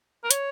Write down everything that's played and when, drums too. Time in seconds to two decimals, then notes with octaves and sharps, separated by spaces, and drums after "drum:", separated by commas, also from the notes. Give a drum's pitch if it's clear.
0.24 A#4
0.31 C#5, drum: hi-hat